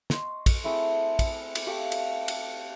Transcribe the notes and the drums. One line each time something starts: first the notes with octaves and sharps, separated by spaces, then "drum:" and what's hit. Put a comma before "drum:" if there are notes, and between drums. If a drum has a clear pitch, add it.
D#5 C6 C#6, drum: snare
drum: kick, cymbal
A3 C4 E4 G#4
drum: kick, cymbal
drum: cymbal
A3 G4 F5 A5
drum: cymbal
drum: cymbal